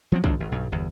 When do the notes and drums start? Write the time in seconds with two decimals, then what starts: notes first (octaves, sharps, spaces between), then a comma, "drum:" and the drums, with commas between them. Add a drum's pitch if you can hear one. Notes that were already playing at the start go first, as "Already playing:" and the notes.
0.12 F3 F#3 C4
0.24 G#1 D#2 F3 D4, drum: kick
0.40 G#1
0.52 B1 G2
0.72 G1 E2